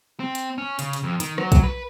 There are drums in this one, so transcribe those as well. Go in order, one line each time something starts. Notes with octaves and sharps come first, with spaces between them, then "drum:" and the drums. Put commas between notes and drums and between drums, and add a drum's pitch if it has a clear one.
C4
drum: hi-hat
C#4
C#3, drum: hi-hat
drum: hi-hat
F2
D#3, drum: hi-hat
F#3, drum: rim click
drum: kick, hi-hat
B4